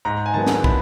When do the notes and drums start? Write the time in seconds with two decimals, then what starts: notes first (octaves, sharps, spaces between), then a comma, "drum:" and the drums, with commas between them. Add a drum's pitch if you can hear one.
0.05 G#2 A#5
0.26 G#5
0.34 D#3 F#3 B3 A5
0.47 drum: snare
0.64 B5, drum: kick